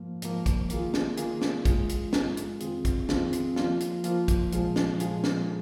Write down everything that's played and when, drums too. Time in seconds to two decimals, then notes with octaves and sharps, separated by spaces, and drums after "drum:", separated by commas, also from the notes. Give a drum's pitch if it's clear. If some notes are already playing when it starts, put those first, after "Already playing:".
Already playing: G#2 F3 A#3
0.22 G#2 F3 A#3, drum: hi-hat
0.46 drum: kick, hi-hat
0.70 D#3 A#3 F4 G#4, drum: hi-hat
0.94 drum: snare
1.17 D#3 A#3 F4 G#4, drum: hi-hat
1.42 drum: snare
1.65 G#2 G#3 F4 G#4, drum: kick, hi-hat
1.89 drum: hi-hat
2.13 G#2 G#3 F4 G#4, drum: snare
2.37 drum: hi-hat
2.60 F2 D#3 C4 F4 G#4, drum: hi-hat
2.85 drum: kick, hi-hat
3.09 F2 D#3 C4 F4 G#4, drum: snare
3.33 drum: hi-hat
3.56 F3 A#3 F4, drum: snare
3.80 drum: hi-hat
4.04 F3 A#3 F4, drum: hi-hat
4.28 drum: kick, hi-hat
4.52 A#2 F3 G#3 F4 G#4, drum: hi-hat
4.76 drum: snare
5.00 A#2 F3 G#3 F4 G#4, drum: hi-hat
5.24 drum: snare